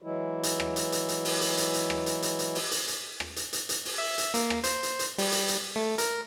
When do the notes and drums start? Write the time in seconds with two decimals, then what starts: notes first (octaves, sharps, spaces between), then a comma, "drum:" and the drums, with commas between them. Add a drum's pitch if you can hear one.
0.02 E3 F#3 G#3 E4
0.43 drum: hi-hat
0.60 drum: rim click
0.76 drum: hi-hat
0.92 drum: hi-hat
1.08 drum: hi-hat
1.25 drum: open hi-hat
1.41 drum: hi-hat
1.57 drum: hi-hat
1.74 drum: hi-hat
1.90 drum: rim click
2.06 drum: hi-hat
2.22 drum: hi-hat
2.39 drum: hi-hat
2.55 drum: open hi-hat
2.71 drum: hi-hat
2.88 drum: hi-hat
3.20 drum: rim click
3.36 drum: hi-hat
3.53 drum: hi-hat
3.69 drum: hi-hat
3.85 drum: open hi-hat
3.98 E5
4.18 drum: hi-hat
4.34 A#3, drum: hi-hat
4.50 drum: rim click
4.64 C5, drum: hi-hat
4.83 drum: hi-hat
4.99 drum: hi-hat
5.18 G3, drum: open hi-hat
5.32 drum: hi-hat
5.48 drum: hi-hat
5.76 A3
5.98 A#4, drum: hi-hat